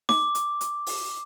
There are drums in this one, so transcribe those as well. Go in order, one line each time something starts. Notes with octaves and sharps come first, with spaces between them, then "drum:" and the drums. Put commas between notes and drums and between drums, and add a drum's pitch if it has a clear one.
D6, drum: snare D#4
drum: hi-hat
drum: hi-hat
drum: open hi-hat